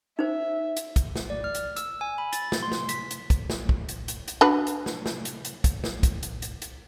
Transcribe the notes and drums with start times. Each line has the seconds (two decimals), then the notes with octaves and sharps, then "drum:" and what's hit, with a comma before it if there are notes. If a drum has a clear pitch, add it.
0.19 D#4 C5 E5
0.77 drum: hi-hat
0.96 drum: kick, hi-hat
1.16 drum: snare
1.30 D5
1.44 F6
1.55 drum: hi-hat
1.76 E6, drum: hi-hat
2.01 G#5
2.18 B5
2.33 A6, drum: hi-hat
2.52 drum: snare
2.63 C6
2.72 drum: snare
2.89 B6, drum: hi-hat
3.11 drum: hi-hat
3.30 drum: kick, hi-hat
3.50 drum: snare
3.69 drum: kick
3.89 drum: hi-hat
4.08 drum: hi-hat
4.28 drum: hi-hat
4.41 D4 F#4 B4
4.67 drum: hi-hat
4.86 drum: snare
5.06 drum: snare
5.25 drum: hi-hat
5.45 drum: hi-hat
5.64 drum: kick, hi-hat
5.84 drum: snare
6.03 drum: kick, hi-hat
6.23 drum: hi-hat
6.42 drum: hi-hat
6.62 drum: hi-hat